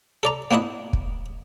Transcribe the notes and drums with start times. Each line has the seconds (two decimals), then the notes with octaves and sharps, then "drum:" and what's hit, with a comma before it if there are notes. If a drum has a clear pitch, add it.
0.23 A4 D5 A#5
0.51 A#3 B3 D4 E4 D#5
0.93 drum: kick